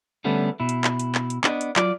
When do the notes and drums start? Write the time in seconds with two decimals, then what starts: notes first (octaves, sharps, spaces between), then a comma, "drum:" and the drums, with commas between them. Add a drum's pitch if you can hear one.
0.25 D3 G3 A3 B3 C#4 D4
0.60 B2 E4
0.69 drum: hi-hat
0.84 drum: clap
0.99 drum: hi-hat
1.15 drum: clap
1.30 drum: hi-hat
1.44 B3 D4 D#5, drum: clap
1.61 drum: hi-hat
1.76 F#3 F4 D5, drum: clap